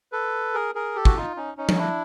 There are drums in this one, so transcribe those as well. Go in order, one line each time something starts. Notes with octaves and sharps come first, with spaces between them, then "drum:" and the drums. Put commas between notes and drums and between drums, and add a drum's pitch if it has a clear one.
A4 B4
G#4 A#4
G#4 A#4
G4 A4
F#4, drum: kick
D#4 F4
C#4 D#4
C#4 D#4
drum: tom F3
D4 E4